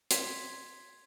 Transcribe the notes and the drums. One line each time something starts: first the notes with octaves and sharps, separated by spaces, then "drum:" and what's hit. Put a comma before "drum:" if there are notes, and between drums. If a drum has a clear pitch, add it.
C6 G#6 B6, drum: hi-hat